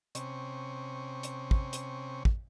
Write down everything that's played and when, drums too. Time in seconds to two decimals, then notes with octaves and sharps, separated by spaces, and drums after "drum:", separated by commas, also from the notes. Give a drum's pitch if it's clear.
0.15 C3 C#4, drum: hi-hat
1.23 drum: hi-hat
1.51 drum: kick
1.73 drum: hi-hat
2.25 drum: kick